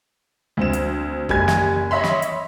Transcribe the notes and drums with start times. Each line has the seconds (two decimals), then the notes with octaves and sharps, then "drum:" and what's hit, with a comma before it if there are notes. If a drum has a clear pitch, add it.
0.57 D2 C4 E7
0.73 drum: hi-hat
1.29 F#1 G3 G#5 G#6, drum: kick
1.48 drum: snare
1.91 C#5 D#5 E5 B5 C6
2.04 drum: snare
2.22 drum: hi-hat